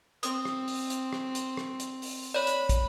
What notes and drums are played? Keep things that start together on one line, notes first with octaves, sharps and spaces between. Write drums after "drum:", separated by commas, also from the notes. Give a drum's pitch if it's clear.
C4 D#6, drum: hi-hat
drum: rim click
drum: open hi-hat
drum: hi-hat
drum: rim click
drum: hi-hat
drum: rim click
drum: hi-hat
drum: open hi-hat
C#5 D5 B5
drum: hi-hat
drum: kick, hi-hat